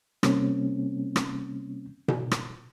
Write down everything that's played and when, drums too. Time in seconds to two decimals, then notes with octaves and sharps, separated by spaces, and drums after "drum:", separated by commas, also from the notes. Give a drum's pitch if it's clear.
0.23 C3 G3 A#3 C4 C#4, drum: rim click
1.16 drum: rim click
2.08 drum: tom B2
2.31 drum: rim click